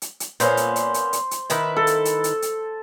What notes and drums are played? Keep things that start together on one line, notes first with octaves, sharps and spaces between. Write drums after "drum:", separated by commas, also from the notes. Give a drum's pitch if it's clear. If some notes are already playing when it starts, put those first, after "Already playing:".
drum: hi-hat
drum: hi-hat
A#2 B3 C#4 C5, drum: hi-hat
drum: hi-hat
drum: hi-hat
drum: hi-hat
drum: hi-hat
drum: hi-hat
D#3 E4 B4, drum: hi-hat
A4
drum: hi-hat
drum: hi-hat
drum: hi-hat
drum: hi-hat